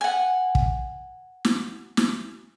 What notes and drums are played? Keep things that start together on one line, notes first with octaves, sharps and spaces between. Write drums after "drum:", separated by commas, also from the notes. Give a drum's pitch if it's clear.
F#5 G#5
drum: kick
drum: snare
drum: snare